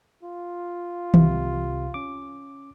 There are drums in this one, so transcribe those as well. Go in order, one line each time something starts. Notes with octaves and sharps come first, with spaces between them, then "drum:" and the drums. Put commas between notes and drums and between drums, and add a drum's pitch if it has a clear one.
F4
C2 C3, drum: tom D#3
C#4 D6